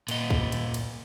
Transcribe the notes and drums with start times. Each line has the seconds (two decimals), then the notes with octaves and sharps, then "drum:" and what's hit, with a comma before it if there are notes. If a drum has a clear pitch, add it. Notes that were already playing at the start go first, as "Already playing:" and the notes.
0.08 A#2 D#5, drum: cymbal
0.30 drum: kick
0.52 drum: cymbal
0.74 drum: cymbal